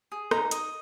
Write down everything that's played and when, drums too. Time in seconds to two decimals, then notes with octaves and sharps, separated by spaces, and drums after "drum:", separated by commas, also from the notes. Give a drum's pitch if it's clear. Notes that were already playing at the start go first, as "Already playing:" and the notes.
0.12 G#4
0.31 D#4 A#5, drum: rim click
0.51 D#5, drum: hi-hat